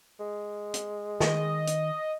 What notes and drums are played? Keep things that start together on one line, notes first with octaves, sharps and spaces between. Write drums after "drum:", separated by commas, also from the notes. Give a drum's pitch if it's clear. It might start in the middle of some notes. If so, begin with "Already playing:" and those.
G#3
drum: hi-hat
D#3 D#5, drum: snare
drum: hi-hat